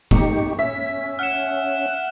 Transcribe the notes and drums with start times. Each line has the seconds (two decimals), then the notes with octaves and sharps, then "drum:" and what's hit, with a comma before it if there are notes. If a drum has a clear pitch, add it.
0.11 D#4 G4 C#6, drum: kick
0.59 C#4 E5 B6
1.19 F#5 F6 E7